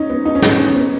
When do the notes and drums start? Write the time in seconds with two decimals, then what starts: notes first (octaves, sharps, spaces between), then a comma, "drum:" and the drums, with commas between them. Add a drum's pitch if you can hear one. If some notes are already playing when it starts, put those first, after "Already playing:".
Already playing: C#4 D#4
0.10 B3
0.25 D#4
0.35 C#4
0.42 D#4, drum: snare
0.58 C#4
0.75 B3